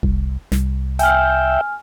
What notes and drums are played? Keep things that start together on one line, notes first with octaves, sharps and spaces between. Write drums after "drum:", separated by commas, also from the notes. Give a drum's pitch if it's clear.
C2, drum: kick F1
C2, drum: snare
E5 G5 G#5 F6, drum: hi-hat